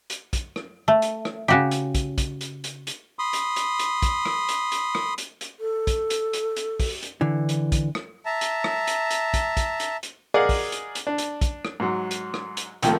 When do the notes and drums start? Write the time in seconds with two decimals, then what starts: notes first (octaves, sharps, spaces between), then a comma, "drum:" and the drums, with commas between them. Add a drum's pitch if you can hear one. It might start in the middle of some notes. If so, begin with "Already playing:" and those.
0.10 drum: hi-hat
0.33 drum: kick, hi-hat
0.56 drum: rim click
0.88 A3
1.02 drum: hi-hat
1.25 drum: rim click
1.48 C#3 F#4 G4
1.71 drum: hi-hat
1.95 drum: kick, hi-hat
2.18 drum: kick, hi-hat
2.41 drum: hi-hat
2.64 drum: hi-hat
2.87 drum: hi-hat
3.19 B5 C6 D#6
3.33 drum: hi-hat
3.56 drum: hi-hat
3.79 drum: hi-hat
4.02 drum: kick, hi-hat
4.25 drum: rim click
4.49 drum: hi-hat
4.72 drum: hi-hat
4.95 drum: rim click
5.18 drum: hi-hat
5.41 drum: hi-hat
5.60 A4
5.87 drum: kick, hi-hat
6.10 drum: hi-hat
6.33 drum: hi-hat
6.56 drum: hi-hat
6.80 drum: kick, open hi-hat
7.03 drum: hi-hat
7.21 D3 E3
7.49 drum: hi-hat
7.72 drum: kick, hi-hat
7.95 drum: rim click
8.25 E5 A5 A#5
8.41 drum: hi-hat
8.64 drum: rim click
8.87 drum: hi-hat
9.11 drum: hi-hat
9.34 drum: kick, hi-hat
9.57 drum: kick, hi-hat
9.80 drum: hi-hat
10.03 drum: hi-hat
10.34 G#4 A#4 D5 D#5 F5 F#5
10.49 drum: kick, open hi-hat
10.72 drum: hi-hat
10.95 drum: hi-hat
11.07 D4
11.18 drum: hi-hat
11.41 drum: kick, hi-hat
11.65 drum: rim click
11.80 G#2 F#3
12.11 drum: hi-hat
12.34 drum: rim click
12.57 drum: hi-hat
12.82 C2 D#3 F3 A3 A#3, drum: hi-hat